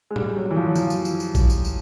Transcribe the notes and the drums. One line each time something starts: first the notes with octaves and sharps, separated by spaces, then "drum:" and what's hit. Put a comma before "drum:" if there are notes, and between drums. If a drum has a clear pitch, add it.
G#3
G3, drum: tom A2
F#3
E3
F3
F#3
F3, drum: tambourine
drum: tambourine
drum: tambourine
drum: tambourine
drum: kick A1, tambourine
drum: tambourine
drum: tambourine